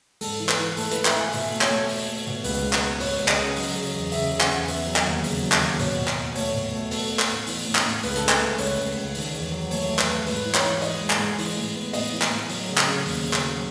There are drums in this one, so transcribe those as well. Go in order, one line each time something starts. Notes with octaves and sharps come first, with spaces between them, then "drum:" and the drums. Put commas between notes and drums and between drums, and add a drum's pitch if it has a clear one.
G#2 A4, drum: open hi-hat
E3
B4, drum: clap
E3
A3 A4, drum: open hi-hat
E3 B4, drum: hi-hat
E5, drum: clap
E3 G#5
B2 E5, drum: open hi-hat
A3
C#5, drum: clap
A3
A3, drum: open hi-hat
A3
B2
C#2 B4, drum: open hi-hat
G#3
B4, drum: clap
B3
B3 C#5, drum: open hi-hat
C#2
D#5, drum: clap
C#3
F#3, drum: open hi-hat
C#3
E2
C#3 E5, drum: open hi-hat
C#3
F#5, drum: clap
E2
B3 E5, drum: open hi-hat
F#3
drum: clap
D#2
C#3, drum: open hi-hat
F#3
drum: clap
D#2
B2 C#5, drum: open hi-hat
B2
drum: clap
B2
A3 C#5, drum: open hi-hat
B2
A3
B3 A4, drum: open hi-hat
B3
drum: clap
A2
E3, drum: open hi-hat
A2
drum: clap
A2
C#2 B4, drum: open hi-hat
A4, drum: hi-hat
C#2
B4, drum: clap
A3
C#2 C#5, drum: open hi-hat
C#2
C#2
D#3, drum: open hi-hat
E2
F#3
A3 C#5, drum: open hi-hat
A3
B4, drum: clap
A3
G#2 B4, drum: open hi-hat
E3
C#5, drum: clap
E3
E3 D#5, drum: open hi-hat
G#3
drum: clap
G#3
E3, drum: open hi-hat
A2
B3
A2 D#5, drum: open hi-hat
E3
drum: clap
A2
F#3, drum: open hi-hat
C#3
drum: clap
C#3
D#2, drum: open hi-hat
C#3
drum: clap
F#3